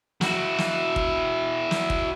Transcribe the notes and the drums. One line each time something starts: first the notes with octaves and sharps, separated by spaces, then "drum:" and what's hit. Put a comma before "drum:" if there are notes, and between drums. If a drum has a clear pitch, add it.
E4 F#4, drum: snare
drum: snare
drum: kick
drum: snare
drum: kick